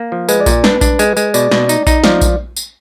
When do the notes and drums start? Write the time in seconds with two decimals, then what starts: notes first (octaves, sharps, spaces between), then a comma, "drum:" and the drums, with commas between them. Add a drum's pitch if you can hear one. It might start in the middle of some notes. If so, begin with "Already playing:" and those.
Already playing: A#3
0.12 F3
0.29 G#3 B4, drum: tambourine
0.40 D5
0.46 A#2, drum: kick A#1, tambourine
0.52 D5
0.64 D4 B4, drum: snare
0.81 D4, drum: kick A#1, tambourine
0.99 G#3, drum: tambourine
1.17 G#3, drum: tambourine
1.34 B2 D5, drum: tambourine
1.51 B2, drum: snare
1.69 D#4, drum: tambourine
1.87 D#4, drum: kick A#1, tambourine
2.04 F3 D5, drum: snare
2.21 drum: kick A#1, tambourine
2.56 drum: tambourine